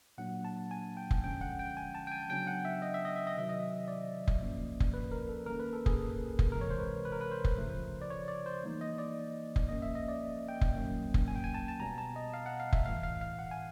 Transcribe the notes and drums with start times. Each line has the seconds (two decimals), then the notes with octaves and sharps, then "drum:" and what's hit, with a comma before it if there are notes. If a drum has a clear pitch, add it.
0.18 A#2 F#3 A#3 D4 F#5
0.45 A5
0.71 G#5
0.97 G5
1.11 drum: kick F1
1.24 D3 F3 G#3 C#4 G5
1.41 F#5
1.59 G5
1.77 G#5
1.95 A5
2.07 G5
2.12 G#5
2.29 C#3 F#3 B3 D4 G5
2.47 F#5
2.65 E5
2.82 D#5
2.94 E5
3.05 D#5
3.16 E5
3.27 D#5
3.35 C3 D#3 F#3 E5
3.49 D#5
3.88 D5
4.28 drum: kick F1
4.41 F3 A#3 C#4
4.80 drum: kick F1
4.94 B4
5.12 A#4
5.29 A4
5.46 D#3 G3 A#3 C#4 A#4
5.60 B4
5.73 A4
5.86 G#4, drum: kick F1
6.39 drum: kick F1
6.52 C3 E3 G#3 A#4
6.61 C#5
6.70 C5
6.79 B4
7.05 B4
7.12 A#4
7.21 B4
7.32 C5
7.44 drum: kick F1
7.57 C#3 F3 A3
8.02 D5
8.10 C#5
8.28 D5
8.46 C5
8.64 E3 G3 A#3 D#4
8.81 D#5
8.98 D5
9.56 drum: kick F1
9.69 F3 A#3 C#4 D#5
9.82 E5
9.95 D#5
10.09 D5
10.48 G5
10.61 drum: kick F1
10.75 D#3 F#3 A#3 C#4
11.14 drum: kick F1
11.28 G#5
11.36 G5
11.44 G#5
11.54 A5
11.68 A5
11.80 B2 G3 B3 A#5
11.98 A5
12.16 D#5
12.34 F5
12.46 F#5
12.60 F5
12.73 E5, drum: kick F1
12.86 A2 E3 A3 F5
13.03 F5
13.21 F5
13.39 F#5
13.51 G#5